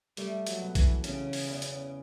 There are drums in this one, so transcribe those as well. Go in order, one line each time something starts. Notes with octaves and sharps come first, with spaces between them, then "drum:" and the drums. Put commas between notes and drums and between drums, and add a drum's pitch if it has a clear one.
G3 A3, drum: hi-hat
F#3, drum: hi-hat
B2
E3, drum: kick B1, hi-hat
C#3 C#4, drum: hi-hat
drum: open hi-hat
E2
drum: hi-hat